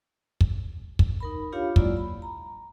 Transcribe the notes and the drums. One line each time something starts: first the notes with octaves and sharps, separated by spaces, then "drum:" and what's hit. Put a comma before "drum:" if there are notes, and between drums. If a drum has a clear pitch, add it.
drum: kick
drum: kick
D#4 A#4 B5
D4 F4 G4 C#5 F5
F#3 G#3 A#3 E4 F4 D5, drum: kick
B5
A#5